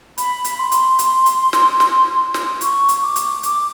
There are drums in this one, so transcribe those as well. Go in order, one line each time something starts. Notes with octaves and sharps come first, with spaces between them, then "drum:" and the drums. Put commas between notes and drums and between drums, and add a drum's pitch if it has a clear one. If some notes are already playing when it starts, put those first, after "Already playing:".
B5, drum: hi-hat
drum: hi-hat
C6
drum: hi-hat
drum: hi-hat
drum: hi-hat
drum: snare
drum: snare
drum: snare
C#6, drum: hi-hat
drum: hi-hat
D6
drum: hi-hat
D6, drum: hi-hat